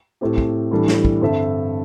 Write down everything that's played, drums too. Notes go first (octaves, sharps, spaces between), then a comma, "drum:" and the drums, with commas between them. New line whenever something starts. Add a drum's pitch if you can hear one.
A2 A3 C4 G4
drum: kick
A2 E3 G3 D4 A4
drum: snare
drum: kick
G2 D3 C4 A4 E5